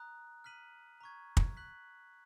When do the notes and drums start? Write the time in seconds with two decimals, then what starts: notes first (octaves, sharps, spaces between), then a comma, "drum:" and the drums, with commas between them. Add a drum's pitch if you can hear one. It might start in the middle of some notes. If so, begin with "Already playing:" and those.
Already playing: A#5 D#6 F#6
0.44 F6 B6 D#7 F#7
1.01 A#5 C#6 G#6
1.37 drum: kick
1.57 F#6 B6 F#7